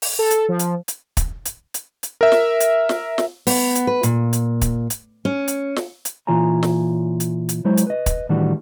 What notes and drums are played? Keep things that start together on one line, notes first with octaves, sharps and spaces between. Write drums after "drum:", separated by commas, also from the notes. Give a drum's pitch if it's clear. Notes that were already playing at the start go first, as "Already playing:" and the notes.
drum: open hi-hat
A4
drum: hi-hat
F3
drum: hi-hat
drum: hi-hat
drum: kick, hi-hat
drum: hi-hat
drum: hi-hat
drum: hi-hat
A#4 E5
drum: snare
drum: hi-hat
drum: snare
drum: snare
B3, drum: open hi-hat
drum: hi-hat
B4
A#2, drum: hi-hat
drum: hi-hat
drum: kick, hi-hat
drum: hi-hat
C#4
drum: hi-hat
drum: snare
drum: hi-hat
A#2 E3 F4 C#5 G#5 A#5
drum: snare
drum: hi-hat
drum: hi-hat
F#3 G#3 E4 C5 C#5
drum: hi-hat
B4 D#5
drum: kick, hi-hat
A2 D#3 E3 G3 D4 F#4